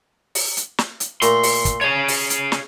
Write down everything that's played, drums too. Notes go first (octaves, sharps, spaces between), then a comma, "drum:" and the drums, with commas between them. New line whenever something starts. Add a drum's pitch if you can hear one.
drum: open hi-hat
drum: hi-hat
drum: snare
drum: hi-hat
A#2 A3 A#4 C6, drum: hi-hat
drum: open hi-hat
drum: kick, hi-hat
G#4 C#5 A5
drum: open hi-hat
drum: hi-hat
drum: snare